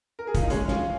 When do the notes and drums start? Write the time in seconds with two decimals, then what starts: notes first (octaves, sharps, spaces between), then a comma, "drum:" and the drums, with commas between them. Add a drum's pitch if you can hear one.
0.19 A#4
0.27 G#4
0.35 F4, drum: kick, hi-hat
0.42 D#4
0.50 G#3 C#4, drum: hi-hat
0.68 C#4 F4, drum: snare